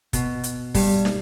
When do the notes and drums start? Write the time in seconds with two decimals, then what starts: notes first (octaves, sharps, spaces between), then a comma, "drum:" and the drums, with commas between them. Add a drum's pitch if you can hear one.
0.13 B2, drum: kick, hi-hat
0.44 drum: hi-hat
0.74 G2, drum: kick, open hi-hat
1.05 drum: snare